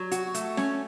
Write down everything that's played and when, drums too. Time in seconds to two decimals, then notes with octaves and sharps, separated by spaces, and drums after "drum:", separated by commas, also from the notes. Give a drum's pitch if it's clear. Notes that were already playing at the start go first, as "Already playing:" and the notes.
Already playing: F#3
0.11 F#4, drum: hi-hat
0.35 A3, drum: hi-hat
0.57 C#4, drum: snare